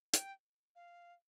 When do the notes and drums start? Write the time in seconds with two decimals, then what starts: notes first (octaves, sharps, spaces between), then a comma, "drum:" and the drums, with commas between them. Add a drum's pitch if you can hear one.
0.14 G5, drum: hi-hat
0.76 F5